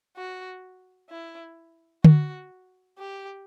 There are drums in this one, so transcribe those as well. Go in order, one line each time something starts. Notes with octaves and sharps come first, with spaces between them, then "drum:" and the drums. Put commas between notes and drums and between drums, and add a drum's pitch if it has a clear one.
F#4
E4
F#4, drum: tom D3
G4